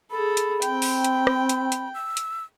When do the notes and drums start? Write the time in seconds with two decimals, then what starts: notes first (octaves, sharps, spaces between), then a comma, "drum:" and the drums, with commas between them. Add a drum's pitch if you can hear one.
0.11 G#4 A4 B5
0.37 drum: hi-hat
0.62 C4 G5, drum: hi-hat
0.82 drum: open hi-hat
1.04 drum: hi-hat
1.27 drum: rim click
1.49 drum: hi-hat
1.72 drum: hi-hat
1.94 E6
2.17 drum: hi-hat